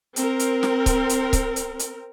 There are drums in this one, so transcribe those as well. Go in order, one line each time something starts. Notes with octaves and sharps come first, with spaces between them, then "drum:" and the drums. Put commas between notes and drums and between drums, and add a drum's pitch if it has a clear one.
C4 A#4, drum: hi-hat
drum: hi-hat
drum: snare
drum: kick C#1, hi-hat
drum: hi-hat
drum: kick C#1, hi-hat
drum: hi-hat
drum: hi-hat